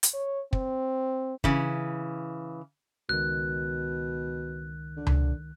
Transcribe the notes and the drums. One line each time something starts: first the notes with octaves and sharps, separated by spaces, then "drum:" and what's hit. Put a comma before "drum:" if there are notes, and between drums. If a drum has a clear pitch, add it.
drum: hi-hat
C#5
C4, drum: kick
C#3 E3, drum: kick
C#2 B2 D#3 F#6
D3
drum: tom C#2